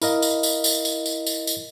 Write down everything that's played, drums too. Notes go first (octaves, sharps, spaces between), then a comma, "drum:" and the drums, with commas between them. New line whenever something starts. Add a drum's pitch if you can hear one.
E4 A#4 D#5 F5, drum: tambourine
drum: tambourine
drum: tambourine
drum: tambourine
drum: tambourine
drum: tambourine
drum: tambourine
drum: tambourine